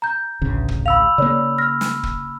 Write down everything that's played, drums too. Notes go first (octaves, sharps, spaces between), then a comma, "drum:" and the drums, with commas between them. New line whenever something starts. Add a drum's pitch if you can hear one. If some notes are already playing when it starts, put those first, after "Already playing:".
A#5 G6
A1 D2 C#3
drum: kick
F5 B5 E6 F7
C#3 A#3 C#5 D5
F6 A#6
drum: snare
drum: kick